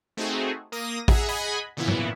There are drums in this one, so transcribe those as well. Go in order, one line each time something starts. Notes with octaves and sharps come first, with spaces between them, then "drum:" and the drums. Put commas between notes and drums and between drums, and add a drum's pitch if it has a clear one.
A3 C4 D#4 F#4 G#4
A#3 D#6 A#6
G#4 E5 F#5 A#5, drum: kick A1
G#4 D#5 F#5 G#5 B5 G#6
A#2 C#3 E3 B3 E4
drum: tom